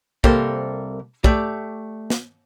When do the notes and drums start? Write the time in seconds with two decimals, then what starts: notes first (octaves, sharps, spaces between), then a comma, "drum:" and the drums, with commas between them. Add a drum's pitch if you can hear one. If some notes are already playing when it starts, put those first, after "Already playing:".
0.24 C2 A#3 G4 A4 C5, drum: kick
1.24 A3 G4 D5, drum: kick
2.10 drum: snare